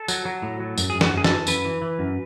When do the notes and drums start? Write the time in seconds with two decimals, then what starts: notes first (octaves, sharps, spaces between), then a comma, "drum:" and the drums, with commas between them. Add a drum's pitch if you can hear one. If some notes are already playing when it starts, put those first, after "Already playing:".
Already playing: A4
0.08 F#3, drum: tambourine
0.25 F#3
0.42 A2
0.60 F#3
0.78 F#2, drum: tambourine
0.90 G#4
0.95 F#2
1.01 F#4, drum: snare
1.13 F#2 G#4
1.24 A4, drum: snare
1.30 E3
1.47 F#2 B4, drum: tambourine
1.65 E3
1.82 E3
1.99 F#2